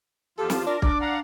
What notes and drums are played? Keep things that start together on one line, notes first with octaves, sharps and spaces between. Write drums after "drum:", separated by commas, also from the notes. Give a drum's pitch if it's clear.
E2 F3 F4 G4 A4 A5
drum: snare
D4 F4 A#4
D4 D5 D6, drum: kick
F5 F#5 A#5